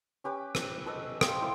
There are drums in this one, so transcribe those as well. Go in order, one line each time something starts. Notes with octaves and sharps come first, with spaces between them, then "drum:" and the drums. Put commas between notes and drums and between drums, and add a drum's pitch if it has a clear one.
C#4 G4 B4 D6
drum: rim click
A4 B4 D#5 E5
G4 F5 G5 C6, drum: rim click
E4 C5 D5 F5